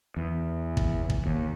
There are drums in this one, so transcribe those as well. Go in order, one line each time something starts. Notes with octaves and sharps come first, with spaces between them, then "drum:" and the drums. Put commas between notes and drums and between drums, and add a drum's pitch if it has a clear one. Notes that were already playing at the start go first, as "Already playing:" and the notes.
E2
drum: kick
drum: kick
D#2